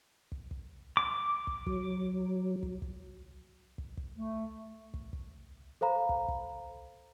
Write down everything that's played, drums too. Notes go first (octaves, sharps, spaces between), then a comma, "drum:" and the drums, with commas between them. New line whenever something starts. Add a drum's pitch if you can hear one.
drum: kick
drum: kick
D6
drum: kick
F#3, drum: kick
drum: kick
drum: kick
drum: kick
drum: kick
A3
drum: kick
drum: kick
A4 C5 F5 A#5 B5
drum: kick
drum: kick